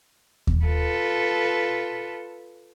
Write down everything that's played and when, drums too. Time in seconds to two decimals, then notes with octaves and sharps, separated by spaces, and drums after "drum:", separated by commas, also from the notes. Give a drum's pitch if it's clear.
0.47 drum: kick D#2
0.65 F4 A4 B4